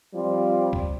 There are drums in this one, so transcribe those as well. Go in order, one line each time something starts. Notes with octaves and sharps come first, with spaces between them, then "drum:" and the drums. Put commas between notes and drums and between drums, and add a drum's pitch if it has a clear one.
F3 G3 C4 F4
drum: kick C#2